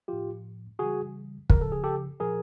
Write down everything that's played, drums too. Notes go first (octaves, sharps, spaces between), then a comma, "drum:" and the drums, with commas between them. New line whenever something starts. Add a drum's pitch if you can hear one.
A2 F3 F4 G4
C#3 E3 G3 F#4 G#4
C#3 F3 A#4, drum: kick
A4
G#4
G4 A4
A#2 F3 G#4 A#4